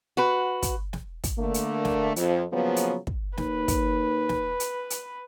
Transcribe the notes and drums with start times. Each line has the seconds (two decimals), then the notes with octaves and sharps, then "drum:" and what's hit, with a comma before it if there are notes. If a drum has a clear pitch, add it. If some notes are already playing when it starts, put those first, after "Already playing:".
0.17 F#4 B4
0.62 drum: kick, hi-hat
0.93 drum: snare
1.24 drum: kick, hi-hat
1.38 D3 A3 A#3
1.54 drum: hi-hat
1.85 drum: snare
2.16 F2, drum: hi-hat
2.52 C#3 F3 F#3 A#3 B3
2.76 drum: hi-hat
3.07 drum: kick
3.38 D#2 B4, drum: snare
3.68 drum: kick, hi-hat
4.29 drum: snare
4.60 drum: hi-hat
4.90 drum: hi-hat